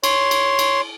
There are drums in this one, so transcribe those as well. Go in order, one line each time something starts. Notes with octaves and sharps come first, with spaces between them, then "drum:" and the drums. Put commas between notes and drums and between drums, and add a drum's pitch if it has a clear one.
C#5 C6, drum: cymbal
drum: cymbal
drum: cymbal